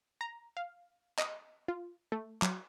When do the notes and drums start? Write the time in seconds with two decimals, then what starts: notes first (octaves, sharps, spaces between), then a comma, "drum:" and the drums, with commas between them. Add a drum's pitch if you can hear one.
0.21 A#5
0.57 F5
1.19 D#5, drum: clap
1.68 F4
2.12 A3
2.42 F#3, drum: clap